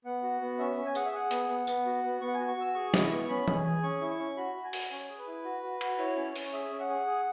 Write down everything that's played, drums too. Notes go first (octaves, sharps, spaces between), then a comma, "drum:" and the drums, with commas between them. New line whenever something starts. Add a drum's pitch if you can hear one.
B3 F#5
F#4
B3
C#4 E5
C#4
G#5
G#4 F#5, drum: tambourine
E5
G#4 F#5
B3, drum: hi-hat
B3
B3, drum: tambourine
F#4
B3
B3 C#6
F#5
F#4 G#5
C#6
F#4 E6
G#4 C#6
E4, drum: snare
B3
C#4 B5
G#4, drum: tom E3
G#5
G#4
C#4 C#6
E4
C#6
C#4
F#4 B5
F#4
G#5
F#4, drum: open hi-hat
C#4 G#5
G#4
B4
E4
F#4
F#4
F#4, drum: cymbal
E4 C#5
C#4
C#4, drum: open hi-hat
G#4 E5
C#4
F#5
G#4
G#4